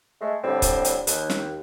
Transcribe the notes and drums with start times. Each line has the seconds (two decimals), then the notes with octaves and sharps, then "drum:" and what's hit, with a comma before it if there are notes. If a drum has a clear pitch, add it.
0.22 G#3 A3
0.43 A2 D3 G3 C4
0.62 drum: kick, hi-hat
0.85 drum: hi-hat
1.07 D#2, drum: hi-hat
1.30 drum: snare